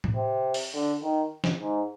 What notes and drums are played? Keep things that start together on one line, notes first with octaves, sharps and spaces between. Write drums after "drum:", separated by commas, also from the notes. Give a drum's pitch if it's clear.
drum: tom A2
C3
drum: open hi-hat
D3
D#3
drum: snare
G#2